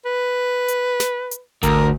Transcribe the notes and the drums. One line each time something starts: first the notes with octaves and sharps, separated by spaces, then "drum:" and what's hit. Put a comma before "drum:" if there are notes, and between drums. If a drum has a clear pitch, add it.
B4
drum: hi-hat
drum: snare
drum: hi-hat
D2 A#4, drum: kick G#1, hi-hat